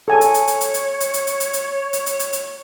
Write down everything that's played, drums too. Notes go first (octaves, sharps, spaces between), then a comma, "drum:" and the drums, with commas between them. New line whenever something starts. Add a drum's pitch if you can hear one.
A4 C#5 G#5
drum: hi-hat
drum: hi-hat
drum: hi-hat
drum: hi-hat
drum: hi-hat
drum: hi-hat
drum: hi-hat
drum: hi-hat
drum: hi-hat
drum: hi-hat
drum: hi-hat
drum: hi-hat
drum: hi-hat
drum: hi-hat